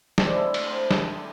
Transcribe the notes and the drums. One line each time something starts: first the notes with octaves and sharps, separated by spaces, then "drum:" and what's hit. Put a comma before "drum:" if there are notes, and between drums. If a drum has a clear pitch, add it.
G#3 C4 D4 D5, drum: snare
A3 E4
drum: cymbal
C4 G5
drum: snare